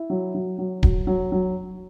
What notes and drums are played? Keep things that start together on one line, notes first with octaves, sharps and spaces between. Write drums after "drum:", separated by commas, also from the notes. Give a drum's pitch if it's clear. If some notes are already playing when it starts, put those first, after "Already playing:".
Already playing: E4
F#3
F#3
F#3
F#3, drum: kick D1
F#3
F#3